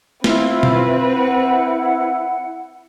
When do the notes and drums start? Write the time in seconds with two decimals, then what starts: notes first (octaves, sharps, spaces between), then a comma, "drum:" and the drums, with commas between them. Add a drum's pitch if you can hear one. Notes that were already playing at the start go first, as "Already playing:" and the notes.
0.24 C4 E4 F4 B4, drum: snare
0.63 drum: tom B2
1.13 E4 F#5